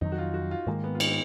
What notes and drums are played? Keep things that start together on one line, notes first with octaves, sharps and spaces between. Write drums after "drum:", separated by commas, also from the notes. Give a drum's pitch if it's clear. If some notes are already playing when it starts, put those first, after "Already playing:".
F2 D#3 F#3 D#4
F#4
F4
F#4
F4
G#2 D#3 G#3 A#3
B3
F4
D#4, drum: cymbal